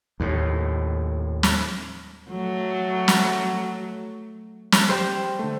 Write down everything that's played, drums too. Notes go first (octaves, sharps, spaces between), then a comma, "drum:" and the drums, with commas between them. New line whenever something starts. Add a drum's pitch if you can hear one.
D#2 A2
drum: snare
F#3 A3
drum: snare
drum: snare
G3 C5 G5 E7
D3 A3